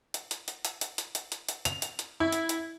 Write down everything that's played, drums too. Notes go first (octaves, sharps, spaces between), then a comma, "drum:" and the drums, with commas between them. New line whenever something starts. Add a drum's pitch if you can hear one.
drum: hi-hat
drum: hi-hat
drum: hi-hat
drum: hi-hat
drum: hi-hat
drum: hi-hat
drum: hi-hat
drum: hi-hat
drum: hi-hat
F7, drum: hi-hat
drum: hi-hat
drum: hi-hat
E4
drum: hi-hat
drum: hi-hat